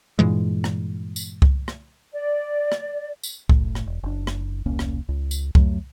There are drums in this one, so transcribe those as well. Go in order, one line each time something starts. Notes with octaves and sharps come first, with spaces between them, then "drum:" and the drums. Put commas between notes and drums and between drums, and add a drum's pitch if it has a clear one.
G2 A#2 E3 G#3
drum: rim click
drum: tambourine
drum: kick C2
drum: rim click
D5
drum: rim click
drum: tambourine
F#1 A2, drum: kick C2
drum: rim click
E1
F#1 D4
drum: rim click
E1 C2 A#3 C#4
drum: rim click
C#2
drum: tambourine
F2 F#3 A3, drum: kick C2